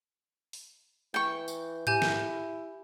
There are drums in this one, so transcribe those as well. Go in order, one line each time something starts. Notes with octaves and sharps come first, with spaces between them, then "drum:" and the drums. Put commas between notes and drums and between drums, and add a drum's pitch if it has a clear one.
drum: open hi-hat
E3 G5 C#6
drum: tambourine
E4 G4 G#5 G6, drum: tom G#2
drum: snare